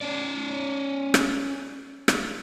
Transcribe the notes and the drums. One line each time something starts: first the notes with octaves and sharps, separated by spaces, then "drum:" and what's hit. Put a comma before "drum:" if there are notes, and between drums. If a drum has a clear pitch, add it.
C#4 D5
drum: rim click
drum: rim click